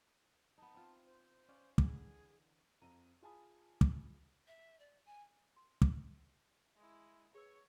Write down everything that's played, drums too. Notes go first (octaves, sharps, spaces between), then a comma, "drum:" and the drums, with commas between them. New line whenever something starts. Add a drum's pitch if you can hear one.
B3 D#4 A5
C4 F4
C5
C#4 D5 F5
D3 E3 G#4, drum: kick
F2 A#5 D#7
F4 G#4 G#5 A5 B5 D#6
drum: kick
E5
D5
G#5
C6
drum: kick
G#3 E4
G#4 B4 C#5 C#6 E6